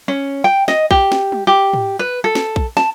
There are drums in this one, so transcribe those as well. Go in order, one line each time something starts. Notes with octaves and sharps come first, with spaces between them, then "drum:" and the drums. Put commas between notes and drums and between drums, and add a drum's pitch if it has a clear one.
C#4
G5
D#5, drum: snare
G4, drum: kick A#1
drum: snare
drum: tom G3
G4
drum: tom
B4
A4
drum: snare
drum: kick A#1
A5, drum: snare